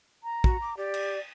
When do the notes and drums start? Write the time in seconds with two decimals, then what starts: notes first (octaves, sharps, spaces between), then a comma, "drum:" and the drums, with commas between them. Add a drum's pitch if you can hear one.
0.23 A#5
0.44 F#4, drum: kick
0.62 D6
0.77 G4 D5
0.94 drum: cymbal